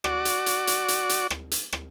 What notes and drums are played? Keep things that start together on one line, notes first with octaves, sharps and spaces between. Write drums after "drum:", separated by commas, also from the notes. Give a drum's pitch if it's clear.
F#4 D5, drum: rim click
drum: hi-hat
drum: hi-hat
drum: hi-hat
drum: hi-hat
drum: hi-hat
drum: rim click
drum: hi-hat
drum: rim click